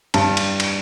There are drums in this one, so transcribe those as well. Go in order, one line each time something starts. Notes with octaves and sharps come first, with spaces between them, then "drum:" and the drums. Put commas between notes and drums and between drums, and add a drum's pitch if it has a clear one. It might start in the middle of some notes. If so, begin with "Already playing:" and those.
G2 A5, drum: cymbal
drum: cymbal
drum: cymbal